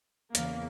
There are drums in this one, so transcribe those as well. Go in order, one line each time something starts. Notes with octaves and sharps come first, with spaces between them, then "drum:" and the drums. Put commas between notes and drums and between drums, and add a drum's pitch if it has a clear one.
E2 C#3 E3 A#3, drum: hi-hat